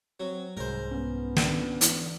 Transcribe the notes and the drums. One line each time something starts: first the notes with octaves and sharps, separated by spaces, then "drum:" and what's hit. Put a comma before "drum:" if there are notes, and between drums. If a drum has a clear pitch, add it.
F#3 C4
C2 G#2 G#3 A#4 C5
B3 C#4
D2, drum: snare
E3, drum: hi-hat